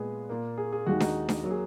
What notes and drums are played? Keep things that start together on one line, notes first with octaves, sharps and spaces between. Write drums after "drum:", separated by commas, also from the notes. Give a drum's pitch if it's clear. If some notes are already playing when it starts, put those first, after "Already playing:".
Already playing: A#2 G#3 B3 G#4
A#2 A#3
G#4
G#4
D#2 D#3 G#3 F#4
D#4, drum: snare D4
drum: snare D4
F#3 A#3
G#4